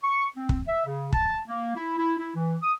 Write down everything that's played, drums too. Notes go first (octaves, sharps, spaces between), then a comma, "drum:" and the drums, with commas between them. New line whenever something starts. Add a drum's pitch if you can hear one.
C#6
C4
drum: kick
E5
C#3
A5, drum: kick
A#3
E4
E4
E4
E3
D#6